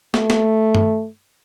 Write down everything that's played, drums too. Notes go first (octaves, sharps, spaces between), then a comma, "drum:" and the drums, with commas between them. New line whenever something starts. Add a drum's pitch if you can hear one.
A3, drum: snare
drum: snare
drum: tom G2